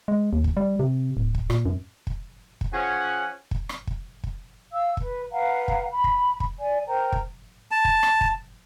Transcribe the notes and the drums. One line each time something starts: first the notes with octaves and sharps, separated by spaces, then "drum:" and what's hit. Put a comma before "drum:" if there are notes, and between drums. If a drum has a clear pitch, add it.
G#3
D#2
drum: kick
G3
C3
D1
drum: kick
A#2, drum: rim click
F#2
drum: kick
drum: kick
F3 C#4 G#4 F#5
drum: kick
drum: rim click
drum: kick
drum: kick
F5 E6
B4, drum: kick
B4 F5 F#5 A#5
drum: kick
B5
drum: kick
drum: kick
D5 G#5
A#4 C5 G5 A#5
drum: kick
A5
drum: kick
drum: rim click
drum: kick